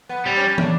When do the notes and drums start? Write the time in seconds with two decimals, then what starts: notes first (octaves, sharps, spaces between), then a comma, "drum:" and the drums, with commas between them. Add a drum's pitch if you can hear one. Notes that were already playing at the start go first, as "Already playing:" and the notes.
0.09 B3
0.26 G3 C4
0.37 C#4
0.47 C#4
0.58 D4, drum: tom